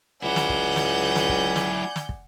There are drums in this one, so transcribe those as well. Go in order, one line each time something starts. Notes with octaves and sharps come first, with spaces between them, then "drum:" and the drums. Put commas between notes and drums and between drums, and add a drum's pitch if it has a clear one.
C#2 F#3 E4 D5 F#5 G#5 G6
drum: snare
drum: kick
drum: snare
drum: snare
drum: kick
drum: snare
drum: snare
drum: kick